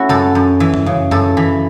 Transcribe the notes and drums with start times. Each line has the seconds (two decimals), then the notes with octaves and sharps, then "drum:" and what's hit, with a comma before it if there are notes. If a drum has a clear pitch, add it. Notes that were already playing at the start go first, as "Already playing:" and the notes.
Already playing: A3 C#4 E4 F#4
0.09 F#2 A4, drum: tom C3
0.35 F#2
0.60 E3
0.74 drum: tom F2
0.86 C#3
1.11 F#2 A4, drum: tom F2
1.37 E3